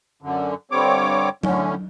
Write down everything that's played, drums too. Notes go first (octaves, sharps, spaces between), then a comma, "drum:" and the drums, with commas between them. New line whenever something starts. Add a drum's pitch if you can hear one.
F#2 D3
G2 D3 G3 C4 C#5 D6
A2 D3 C#4, drum: tom F#3